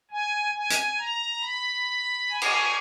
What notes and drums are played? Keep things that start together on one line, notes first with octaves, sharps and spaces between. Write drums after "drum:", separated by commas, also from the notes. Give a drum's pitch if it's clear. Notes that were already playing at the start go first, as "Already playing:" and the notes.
G#5
G#5
drum: hi-hat
A#5
B5
G#5
drum: cymbal